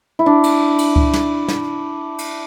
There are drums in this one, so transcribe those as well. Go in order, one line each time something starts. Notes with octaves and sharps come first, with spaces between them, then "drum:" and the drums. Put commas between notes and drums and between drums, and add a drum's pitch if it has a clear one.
E4
D4
drum: cymbal
drum: cymbal
drum: kick C#2
drum: snare
drum: snare
drum: cymbal